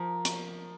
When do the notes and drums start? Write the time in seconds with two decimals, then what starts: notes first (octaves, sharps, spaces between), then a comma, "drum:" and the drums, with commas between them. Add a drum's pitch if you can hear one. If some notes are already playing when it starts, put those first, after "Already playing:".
Already playing: F3 A#4
0.25 drum: hi-hat